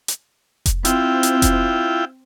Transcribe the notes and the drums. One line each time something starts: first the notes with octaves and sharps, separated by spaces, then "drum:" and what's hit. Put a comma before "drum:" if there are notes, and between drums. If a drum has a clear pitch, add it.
drum: hi-hat
drum: kick F1, hi-hat
C4 E4 F4 G5, drum: hi-hat
drum: hi-hat
drum: kick F1, hi-hat